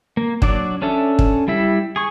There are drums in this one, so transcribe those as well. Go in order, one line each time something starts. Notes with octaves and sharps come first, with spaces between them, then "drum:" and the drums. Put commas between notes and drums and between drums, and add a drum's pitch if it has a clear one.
A#3
F#3 D4 D5, drum: kick
C#4 D4 A4 E5
drum: kick
G3 E4 E5
G#4 C#6